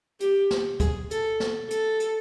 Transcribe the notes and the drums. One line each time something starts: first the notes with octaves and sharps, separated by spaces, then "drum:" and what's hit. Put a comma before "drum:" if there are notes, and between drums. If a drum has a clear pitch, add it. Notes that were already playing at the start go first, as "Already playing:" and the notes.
G4, drum: hi-hat
drum: snare
G#4, drum: kick D2, hi-hat
A4, drum: hi-hat
drum: snare
A4, drum: hi-hat
drum: hi-hat